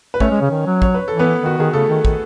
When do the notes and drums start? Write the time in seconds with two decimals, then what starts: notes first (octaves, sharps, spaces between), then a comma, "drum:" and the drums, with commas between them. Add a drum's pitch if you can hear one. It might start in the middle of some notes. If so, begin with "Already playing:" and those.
0.14 B4
0.20 A3 C#4 C#5, drum: kick
0.31 G#3
0.41 C#3
0.51 D#3
0.66 F#3
0.82 C#5, drum: kick
0.94 B4
1.08 E3 A4
1.19 B3 B4
1.43 D#3 F#4
1.58 D#3 G#4
1.73 C#3 A3 A4
1.89 D#3
2.05 D#3, drum: kick